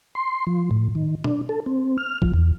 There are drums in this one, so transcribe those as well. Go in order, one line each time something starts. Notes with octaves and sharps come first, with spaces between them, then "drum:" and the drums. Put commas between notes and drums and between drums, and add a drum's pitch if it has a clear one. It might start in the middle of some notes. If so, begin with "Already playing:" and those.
C6
F3
A2
D#3
D4, drum: tom B2
A4
C4
F6
F3, drum: kick
E2